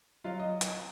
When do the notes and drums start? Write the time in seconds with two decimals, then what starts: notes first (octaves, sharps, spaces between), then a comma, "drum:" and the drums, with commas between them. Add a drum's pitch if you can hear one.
0.24 F#3 F4 F5
0.40 D#5
0.61 drum: hi-hat